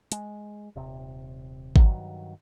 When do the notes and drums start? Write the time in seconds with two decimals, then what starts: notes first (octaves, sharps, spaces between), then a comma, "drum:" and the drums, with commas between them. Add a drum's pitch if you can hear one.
0.12 G#3, drum: hi-hat
0.76 D#1 C3
1.76 G2 D#3 F#3, drum: kick G#1